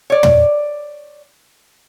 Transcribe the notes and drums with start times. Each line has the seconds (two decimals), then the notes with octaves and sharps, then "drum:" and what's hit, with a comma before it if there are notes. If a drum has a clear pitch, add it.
0.10 C#5 D5
0.23 drum: tom